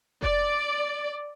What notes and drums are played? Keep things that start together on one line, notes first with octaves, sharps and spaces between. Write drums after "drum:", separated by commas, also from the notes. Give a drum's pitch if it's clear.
D5, drum: kick F1